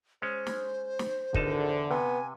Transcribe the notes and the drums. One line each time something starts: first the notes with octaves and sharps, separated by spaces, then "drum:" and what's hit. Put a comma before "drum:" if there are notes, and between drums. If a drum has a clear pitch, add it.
G#3 C#4 C5
drum: snare
drum: snare
G#1 E2 D3 D#4 A5, drum: kick
C3 B3 G#5